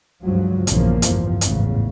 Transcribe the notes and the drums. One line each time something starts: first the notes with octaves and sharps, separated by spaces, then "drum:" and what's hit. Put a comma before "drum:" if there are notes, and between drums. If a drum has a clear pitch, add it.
C#2 G2 F3 F#3
A#1 E2 G2 C#3 F3 A#3, drum: hi-hat
A1 E2 G2 C3 F3, drum: hi-hat
A1 E2 G#2 C#3, drum: hi-hat